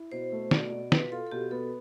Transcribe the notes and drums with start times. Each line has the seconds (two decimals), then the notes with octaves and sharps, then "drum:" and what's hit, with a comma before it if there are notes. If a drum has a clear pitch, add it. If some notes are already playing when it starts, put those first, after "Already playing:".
Already playing: E4
0.12 B2 C5
0.32 A3
0.51 B2 D5, drum: snare
0.72 B2
0.92 F4 B4, drum: snare
1.12 F4 A4
1.27 A4
1.31 B2 G4
1.51 B3 A4